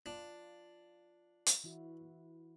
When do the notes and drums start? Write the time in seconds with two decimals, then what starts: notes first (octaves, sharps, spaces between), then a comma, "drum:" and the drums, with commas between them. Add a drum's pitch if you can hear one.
0.06 D4 F4
1.46 drum: hi-hat
1.64 E3 E4 F#4